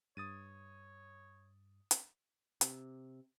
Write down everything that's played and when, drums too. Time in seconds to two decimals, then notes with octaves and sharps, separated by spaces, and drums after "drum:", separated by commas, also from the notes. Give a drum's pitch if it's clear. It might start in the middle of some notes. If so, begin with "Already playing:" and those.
0.17 G2 C#5 D#6 A6 D#7
1.91 drum: hi-hat
2.61 C3, drum: hi-hat